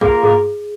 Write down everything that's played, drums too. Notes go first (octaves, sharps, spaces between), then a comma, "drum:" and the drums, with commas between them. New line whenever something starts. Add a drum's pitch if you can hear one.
A#3 F4 G#4 A#4, drum: kick
G#4, drum: tom G2